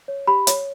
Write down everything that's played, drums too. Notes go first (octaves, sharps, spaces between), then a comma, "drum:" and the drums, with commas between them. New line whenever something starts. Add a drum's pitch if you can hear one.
C#5
G4 B5
C#5, drum: hi-hat